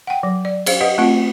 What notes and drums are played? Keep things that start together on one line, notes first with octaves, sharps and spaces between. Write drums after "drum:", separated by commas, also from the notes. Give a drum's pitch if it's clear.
F#5 G5
F#3
D5
G#4 C5 F5, drum: cymbal
G4 B4 D#5 F#5
A3 C4 F4 F#5